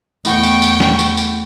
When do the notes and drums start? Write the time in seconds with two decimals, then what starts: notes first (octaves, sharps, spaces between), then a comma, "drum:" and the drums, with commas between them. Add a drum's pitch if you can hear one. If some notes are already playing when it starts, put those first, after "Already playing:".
0.25 E2 A3 E4 F#5 G5 C#6, drum: tambourine
0.43 drum: tambourine
0.62 drum: tambourine
0.80 drum: snare
0.99 drum: tambourine
1.17 drum: tambourine